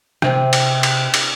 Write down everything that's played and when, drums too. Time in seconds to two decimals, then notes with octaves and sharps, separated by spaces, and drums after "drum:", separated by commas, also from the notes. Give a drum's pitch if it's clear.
0.22 C3, drum: rim click
0.53 drum: cymbal
0.83 drum: cymbal
1.14 drum: cymbal